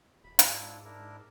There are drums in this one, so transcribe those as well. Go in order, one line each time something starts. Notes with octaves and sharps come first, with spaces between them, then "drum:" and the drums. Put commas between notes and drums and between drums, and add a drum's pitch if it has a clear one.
D#1 B5
G#2 D4 E4 F4, drum: hi-hat
D4 E4 A#4